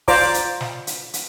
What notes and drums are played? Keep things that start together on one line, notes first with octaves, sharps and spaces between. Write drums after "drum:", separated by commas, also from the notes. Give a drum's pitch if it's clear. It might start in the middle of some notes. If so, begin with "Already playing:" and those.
F4 C5 D5 A#5 D6, drum: kick, open hi-hat
drum: hi-hat
drum: snare
drum: hi-hat
drum: hi-hat